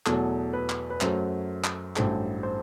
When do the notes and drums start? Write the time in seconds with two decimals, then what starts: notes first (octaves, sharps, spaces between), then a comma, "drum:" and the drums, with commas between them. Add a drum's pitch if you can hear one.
0.06 E2 B2 F#3 A3 A4, drum: clap
0.53 B4
0.69 drum: clap
0.90 B4
1.01 F#2 F#3 A3 C5, drum: clap
1.64 drum: clap
1.96 A1 G2 F#3 A3 C5, drum: clap
2.43 C5